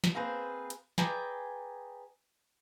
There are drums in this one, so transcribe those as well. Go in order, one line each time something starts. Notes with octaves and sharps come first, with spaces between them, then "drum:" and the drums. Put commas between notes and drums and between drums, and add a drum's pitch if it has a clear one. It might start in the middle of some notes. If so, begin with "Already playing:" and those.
drum: snare
A#3 C4 G#4 B4 C5
drum: hi-hat
G#4 B4 D5 G5 G#5 A#5, drum: snare